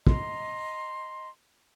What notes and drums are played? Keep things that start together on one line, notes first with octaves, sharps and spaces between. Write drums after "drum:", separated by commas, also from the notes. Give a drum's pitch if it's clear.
D#5 A#5 C6, drum: kick